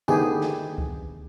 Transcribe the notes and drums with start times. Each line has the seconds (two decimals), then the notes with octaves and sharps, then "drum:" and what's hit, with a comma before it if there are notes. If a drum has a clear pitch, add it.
0.08 D3 D#3 B3 G4 G#4, drum: tambourine
0.41 drum: snare
0.78 drum: kick C#2